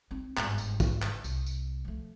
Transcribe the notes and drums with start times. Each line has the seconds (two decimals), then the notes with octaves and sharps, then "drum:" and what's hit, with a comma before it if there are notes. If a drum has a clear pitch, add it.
0.11 C4 D#4
0.37 G1 G#2, drum: clap
0.58 drum: tambourine
0.80 drum: kick, tambourine
1.02 drum: clap
1.24 C2, drum: tambourine
1.46 drum: tambourine
1.85 F3 A3